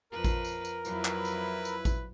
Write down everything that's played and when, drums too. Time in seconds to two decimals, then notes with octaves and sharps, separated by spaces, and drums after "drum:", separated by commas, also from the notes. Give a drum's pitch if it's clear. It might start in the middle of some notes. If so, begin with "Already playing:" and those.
0.12 F2 F3 A#4 B4
0.24 drum: kick A1, tambourine
0.45 drum: tambourine
0.65 drum: tambourine
0.85 F2 F#3 E4 B4, drum: tambourine
1.05 drum: clap
1.25 drum: tambourine
1.65 drum: tambourine
1.85 drum: kick A1, tambourine